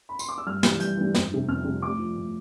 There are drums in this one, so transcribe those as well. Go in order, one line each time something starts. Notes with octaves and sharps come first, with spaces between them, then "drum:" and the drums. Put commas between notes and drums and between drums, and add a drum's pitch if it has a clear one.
B5
C6, drum: tambourine
D6
E6
G2 F6
E3 G3, drum: snare
G2 G6, drum: hi-hat
E3 G3
F2, drum: snare
C3 G3
F2 F6
C3 G3
A2 D6
F3
A2